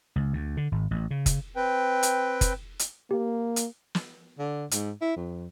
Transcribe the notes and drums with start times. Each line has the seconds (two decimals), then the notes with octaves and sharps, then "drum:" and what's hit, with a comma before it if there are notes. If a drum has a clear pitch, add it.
0.16 C#2
0.33 D2
0.57 D3
0.72 G#1
0.91 A1
1.11 C#3
1.26 drum: kick F#1, hi-hat
1.56 C4 B4 G5
2.03 drum: hi-hat
2.41 drum: kick F#1, hi-hat
2.79 drum: hi-hat
3.11 A#3 G4
3.56 drum: hi-hat
3.95 drum: snare
4.39 D3
4.71 G#2, drum: hi-hat
5.02 E4
5.16 F2